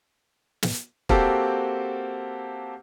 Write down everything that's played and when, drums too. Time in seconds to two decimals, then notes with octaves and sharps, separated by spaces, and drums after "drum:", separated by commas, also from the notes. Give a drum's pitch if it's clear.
0.63 drum: snare
1.09 A#3 C4 F#4 G4 A4, drum: kick